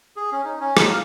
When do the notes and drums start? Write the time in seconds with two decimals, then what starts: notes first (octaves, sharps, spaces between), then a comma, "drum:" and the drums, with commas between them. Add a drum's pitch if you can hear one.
0.16 G#4
0.32 C#4
0.44 D#4
0.61 C#4
0.77 D#4, drum: rim click
0.90 F5